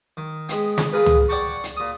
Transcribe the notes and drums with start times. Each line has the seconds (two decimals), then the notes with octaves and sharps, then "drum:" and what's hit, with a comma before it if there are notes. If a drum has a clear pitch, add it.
0.17 D#3
0.49 G#3 B3 G5, drum: hi-hat
0.78 drum: snare
0.93 F4 G#4 A#4 B4
1.06 drum: tom
1.29 C#5 D5 F#5 G5 A5 C#6
1.64 drum: hi-hat
1.77 A#2 D#6